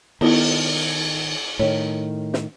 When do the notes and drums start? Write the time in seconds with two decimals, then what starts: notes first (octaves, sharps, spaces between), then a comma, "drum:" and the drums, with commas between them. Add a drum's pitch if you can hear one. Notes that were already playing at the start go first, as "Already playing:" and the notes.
0.21 D#3 B3 E4 F4, drum: cymbal
1.59 A2 D#3 C#5
2.34 drum: snare